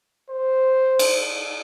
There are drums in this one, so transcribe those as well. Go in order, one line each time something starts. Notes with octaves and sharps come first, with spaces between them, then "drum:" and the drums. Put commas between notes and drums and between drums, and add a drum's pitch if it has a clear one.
C5
drum: cymbal